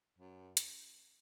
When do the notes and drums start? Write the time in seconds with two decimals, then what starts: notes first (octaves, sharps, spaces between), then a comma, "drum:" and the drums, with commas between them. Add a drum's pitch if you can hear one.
0.18 F#2
0.57 drum: hi-hat